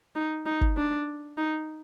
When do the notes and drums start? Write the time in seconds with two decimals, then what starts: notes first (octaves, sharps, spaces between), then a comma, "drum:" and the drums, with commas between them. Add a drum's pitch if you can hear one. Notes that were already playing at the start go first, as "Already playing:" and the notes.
0.15 D#4
0.46 D#4
0.61 drum: kick G1
0.77 D4
1.37 D#4